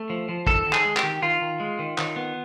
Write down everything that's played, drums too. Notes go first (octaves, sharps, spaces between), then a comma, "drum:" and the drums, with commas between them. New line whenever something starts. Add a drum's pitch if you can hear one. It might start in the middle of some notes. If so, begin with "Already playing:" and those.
Already playing: A3
F3
F3
D#3 A4, drum: kick
D#3
G#4, drum: clap
G#3
G4, drum: clap
D#3
D#3 F4
D#3
G#3
D#3
D#3, drum: clap
B3